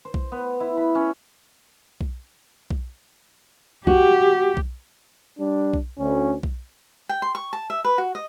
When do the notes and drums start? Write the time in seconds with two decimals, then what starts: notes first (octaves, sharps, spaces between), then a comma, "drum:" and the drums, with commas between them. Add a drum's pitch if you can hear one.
0.05 C5
0.14 drum: kick B1
0.32 B3
0.60 E4
0.77 B5
0.95 C#4
2.01 drum: kick B1
2.70 drum: kick B1
3.87 F#4 G4, drum: kick B1
4.57 drum: kick B1
5.38 G3 D4
5.73 drum: kick B1
5.98 D2 C#4
6.43 drum: kick B1
7.09 G5
7.22 C6
7.35 C#6
7.53 A5
7.70 E5
7.85 B4
7.98 F#4
8.15 D#5